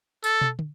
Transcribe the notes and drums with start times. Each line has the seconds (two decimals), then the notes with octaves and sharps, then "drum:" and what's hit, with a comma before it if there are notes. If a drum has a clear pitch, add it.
0.24 A4, drum: tambourine
0.41 drum: tom
0.59 drum: tom